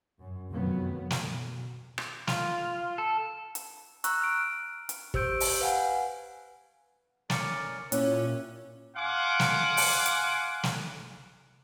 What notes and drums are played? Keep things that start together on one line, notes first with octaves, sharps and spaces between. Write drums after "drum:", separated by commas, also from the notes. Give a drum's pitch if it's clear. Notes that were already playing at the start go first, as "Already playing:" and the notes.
F#2
F1 F#2 D#3 F#3 B3
drum: snare
B2
drum: rim click
F4, drum: snare
A4
drum: hi-hat
A#5 C#6 E6 F#6, drum: hi-hat
F6 D7
drum: hi-hat
G4 C5 E6 G6 D7, drum: kick
drum: open hi-hat
B4 F5 F#5 G#5
C#4 A#4 D5 A6 C#7, drum: snare
A#2 C#4 E4 G4 C#5 E5 F#6, drum: hi-hat
F5 F#5 G#5 C6 D6
drum: snare
drum: open hi-hat
drum: hi-hat
drum: snare